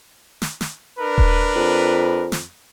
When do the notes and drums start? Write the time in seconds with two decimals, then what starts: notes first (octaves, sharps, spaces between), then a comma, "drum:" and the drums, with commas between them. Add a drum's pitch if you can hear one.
0.42 drum: snare
0.61 drum: snare
0.99 D4 A#4 B4
1.18 drum: kick D#1
1.55 F2
2.32 drum: snare